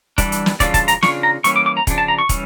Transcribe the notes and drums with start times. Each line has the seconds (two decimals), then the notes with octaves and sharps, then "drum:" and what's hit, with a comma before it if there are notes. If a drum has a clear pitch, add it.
0.18 E3 G3 D4, drum: kick, hi-hat
0.32 drum: hi-hat
0.46 drum: snare
0.60 C#3 E3 G3 D4 F4 D5, drum: kick, hi-hat
0.74 A5, drum: kick, hi-hat
0.88 A#5, drum: hi-hat
1.03 C#3 G3 D4 F4 C#6, drum: snare
1.23 A#5
1.44 E3 G3 A#3 C#4 C#6, drum: hi-hat
1.56 D6
1.66 D6
1.77 A#5
1.87 C#3 F3 D4, drum: kick, hi-hat
1.98 A5
2.08 A#5
2.19 C#6
2.29 E3 G3 C#4, drum: kick, hi-hat